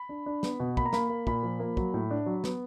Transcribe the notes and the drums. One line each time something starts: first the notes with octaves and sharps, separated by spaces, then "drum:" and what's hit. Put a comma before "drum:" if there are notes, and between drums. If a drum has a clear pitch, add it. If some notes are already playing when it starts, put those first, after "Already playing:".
Already playing: B5
D4
D4
B3, drum: snare
B2
A#3 B5, drum: kick
A#5
A#3 B5, drum: snare
A#3
A#2 B5, drum: kick
F3
A#3
F#3, drum: kick
A2
D4
F#3
B3, drum: snare